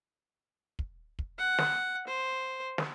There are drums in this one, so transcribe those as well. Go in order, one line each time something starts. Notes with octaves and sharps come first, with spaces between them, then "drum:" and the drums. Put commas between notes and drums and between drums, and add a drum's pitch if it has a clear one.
drum: kick
drum: kick
F#5
drum: snare
C5
drum: snare